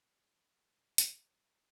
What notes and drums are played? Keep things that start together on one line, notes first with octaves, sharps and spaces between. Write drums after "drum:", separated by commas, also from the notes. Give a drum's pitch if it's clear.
F#3 E4
drum: hi-hat
E2 G3 G4 E5